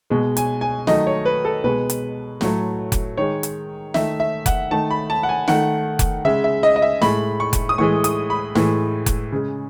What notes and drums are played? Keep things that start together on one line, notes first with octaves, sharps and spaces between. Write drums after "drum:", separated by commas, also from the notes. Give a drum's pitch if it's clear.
B2 G#3
G#5, drum: hi-hat
G#5
D#3 F#3 A3 D#5, drum: snare
C#5
B4
A4
B2 G#3 B4
drum: hi-hat
A2 F#3 A3, drum: snare
drum: kick F1, hi-hat
D#3 G#3 C#5
drum: hi-hat
D#3 A3 E5, drum: snare
E5
F#5, drum: kick F1, hi-hat
D#3 A3 A5
B5
A5
F#5
G#5
D#3 A3 F#5, drum: snare
drum: kick F1, hi-hat
C#3 G#3 E5
E5
D#5
D#5
E5
A2 G#3 B5, drum: snare
C#6
drum: kick F1, hi-hat
D#6
A2 E3 G#3 C#6
D#6, drum: hi-hat
B5
A2 E3 G#3, drum: snare
drum: kick F1, hi-hat
C#3 G#3